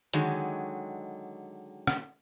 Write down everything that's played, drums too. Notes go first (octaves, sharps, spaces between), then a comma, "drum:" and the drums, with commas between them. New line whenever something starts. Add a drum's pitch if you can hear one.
D3 D#3 F#3 G#3, drum: hi-hat
drum: rim click